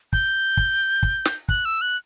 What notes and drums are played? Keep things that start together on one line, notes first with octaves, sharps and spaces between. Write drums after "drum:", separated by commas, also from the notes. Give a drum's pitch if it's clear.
G6, drum: kick
drum: kick
drum: kick
drum: snare
F#6, drum: kick
E6
F#6